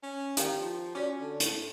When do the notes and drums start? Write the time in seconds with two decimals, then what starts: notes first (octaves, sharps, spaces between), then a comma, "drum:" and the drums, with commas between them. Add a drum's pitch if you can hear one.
0.03 C#4
0.37 D#3 G4 F5 G5, drum: hi-hat
0.60 F3
0.95 C#4 F#4 D5
1.21 D3
1.40 A2, drum: hi-hat